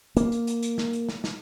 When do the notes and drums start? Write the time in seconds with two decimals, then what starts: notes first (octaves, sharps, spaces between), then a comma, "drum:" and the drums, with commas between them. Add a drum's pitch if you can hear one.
0.17 A#3, drum: hi-hat
0.32 drum: hi-hat
0.47 drum: hi-hat
0.63 drum: hi-hat
0.78 drum: snare
0.93 drum: hi-hat
1.09 drum: snare
1.24 drum: snare